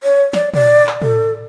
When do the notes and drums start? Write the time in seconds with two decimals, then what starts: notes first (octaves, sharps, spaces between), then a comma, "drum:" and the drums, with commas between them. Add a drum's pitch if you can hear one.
0.03 C#5
0.33 D5, drum: snare
0.54 D5, drum: tom
0.87 drum: clap
1.02 A4, drum: tom